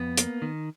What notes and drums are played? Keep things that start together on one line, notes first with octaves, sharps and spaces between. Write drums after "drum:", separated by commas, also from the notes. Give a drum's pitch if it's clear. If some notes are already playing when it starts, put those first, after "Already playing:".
Already playing: F2 B3
A#3, drum: hi-hat
D#3